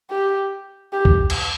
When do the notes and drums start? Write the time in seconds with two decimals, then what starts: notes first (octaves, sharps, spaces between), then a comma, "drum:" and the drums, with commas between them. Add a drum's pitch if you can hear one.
0.10 G4
0.93 G4
1.05 drum: kick C#2
1.30 drum: cymbal